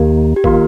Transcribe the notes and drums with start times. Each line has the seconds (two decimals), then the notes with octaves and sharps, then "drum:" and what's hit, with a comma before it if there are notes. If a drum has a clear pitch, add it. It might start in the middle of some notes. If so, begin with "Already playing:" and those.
Already playing: D#2 D#3 A#3 G4
0.36 G4
0.44 D#3 A#3 F4 A#4, drum: kick A1